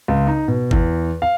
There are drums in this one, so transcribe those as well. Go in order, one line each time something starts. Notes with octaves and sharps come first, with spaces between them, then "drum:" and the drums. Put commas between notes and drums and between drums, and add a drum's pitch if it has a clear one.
C#2
D#4
B2
E2, drum: kick G1
F5